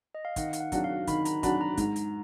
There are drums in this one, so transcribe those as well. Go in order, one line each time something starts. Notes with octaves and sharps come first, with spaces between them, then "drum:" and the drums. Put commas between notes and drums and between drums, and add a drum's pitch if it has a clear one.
D#5
F5
D#3 F#5, drum: kick, hi-hat
F5, drum: hi-hat
F#5
F#3 D4 F#4, drum: kick, hi-hat
F5
D#3 B5, drum: kick, hi-hat
A#5, drum: hi-hat
F#3 D4 F#4 B5, drum: kick, hi-hat
A#5
G#2, drum: kick, hi-hat
drum: hi-hat